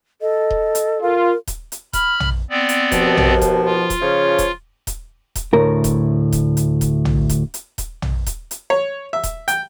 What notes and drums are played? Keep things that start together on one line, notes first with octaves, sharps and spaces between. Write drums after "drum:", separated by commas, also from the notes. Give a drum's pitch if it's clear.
A4 D#5
drum: kick D#1
drum: hi-hat
F4 A#4
drum: kick D#1, hi-hat
drum: hi-hat
B5 F6, drum: kick D#1, hi-hat
drum: tom
B3 C4 D5
drum: hi-hat
D#2 B2 F3, drum: kick D#1, hi-hat
drum: tom
drum: kick D#1, hi-hat
F4
drum: kick D#1, hi-hat
C#3 F3 C#5
drum: kick D#1, hi-hat
drum: kick D#1, hi-hat
drum: kick D#1, hi-hat
D2 A2 A#4
drum: kick D#1, hi-hat
drum: kick D#1, hi-hat
drum: hi-hat
drum: kick D#1, hi-hat
drum: tom
drum: kick D#1, hi-hat
drum: hi-hat
drum: kick D#1, hi-hat
drum: tom
drum: kick D#1, hi-hat
drum: hi-hat
C#5
E5
drum: kick D#1, hi-hat
G5, drum: hi-hat